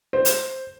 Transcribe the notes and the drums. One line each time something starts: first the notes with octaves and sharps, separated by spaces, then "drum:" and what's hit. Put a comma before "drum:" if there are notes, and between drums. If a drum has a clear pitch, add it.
C5
drum: hi-hat